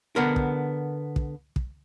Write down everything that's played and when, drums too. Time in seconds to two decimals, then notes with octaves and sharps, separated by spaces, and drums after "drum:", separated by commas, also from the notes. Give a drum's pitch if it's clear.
0.16 D3 B3 A#4
0.36 drum: kick
1.16 drum: kick
1.56 drum: kick